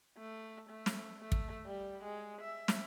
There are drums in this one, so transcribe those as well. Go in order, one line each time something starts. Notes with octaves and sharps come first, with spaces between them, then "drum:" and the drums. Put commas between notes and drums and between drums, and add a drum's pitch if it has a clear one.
A3
A3
drum: snare
A3
drum: kick
G3
G#3
E5
drum: snare